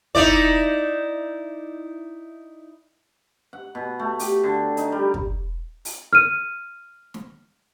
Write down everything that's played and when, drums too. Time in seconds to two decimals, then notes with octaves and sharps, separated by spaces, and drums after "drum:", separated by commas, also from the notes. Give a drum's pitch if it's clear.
0.15 D#4 E4 D5, drum: kick
3.53 F#5
3.75 B2
3.99 A3
4.19 G4, drum: open hi-hat
4.43 D3
4.77 D#4, drum: hi-hat
4.92 G3
5.14 drum: kick
5.85 drum: open hi-hat
6.13 F6 D#7
7.14 drum: snare